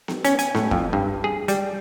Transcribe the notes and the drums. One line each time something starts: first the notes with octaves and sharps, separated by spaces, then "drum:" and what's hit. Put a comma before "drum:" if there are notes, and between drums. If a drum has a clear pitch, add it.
drum: snare B3
C#4, drum: hi-hat
G#5, drum: hi-hat
A2, drum: snare B3
F2, drum: kick
G2
G#4
G3, drum: hi-hat